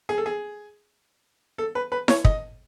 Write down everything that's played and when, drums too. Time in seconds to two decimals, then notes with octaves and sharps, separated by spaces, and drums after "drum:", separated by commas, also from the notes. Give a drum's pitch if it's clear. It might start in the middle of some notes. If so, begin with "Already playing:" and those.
0.09 G#4
0.18 A4
0.26 G#4
1.58 A4
1.75 B4
1.92 B4
2.08 C#5, drum: snare E4
2.25 D#5, drum: kick